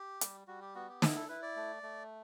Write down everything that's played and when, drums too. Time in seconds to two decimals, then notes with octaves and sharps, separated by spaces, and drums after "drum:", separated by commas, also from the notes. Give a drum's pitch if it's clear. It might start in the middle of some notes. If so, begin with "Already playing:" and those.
Already playing: G4
0.21 G3, drum: hi-hat
0.48 G3 F#4
0.62 G4
0.75 B3 F#4
0.89 G4
1.02 E4 A4, drum: snare
1.15 A4
1.28 E4 B4
1.42 D5
1.56 A3
1.83 A3